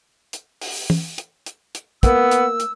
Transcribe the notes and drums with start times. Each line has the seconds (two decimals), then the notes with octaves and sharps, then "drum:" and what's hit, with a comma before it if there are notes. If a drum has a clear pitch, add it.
0.33 drum: hi-hat
0.61 drum: open hi-hat
0.90 drum: tom
1.18 drum: hi-hat
1.46 drum: hi-hat
1.75 drum: hi-hat
2.03 A#3 B3 E6, drum: kick, hi-hat
2.31 drum: hi-hat
2.60 drum: hi-hat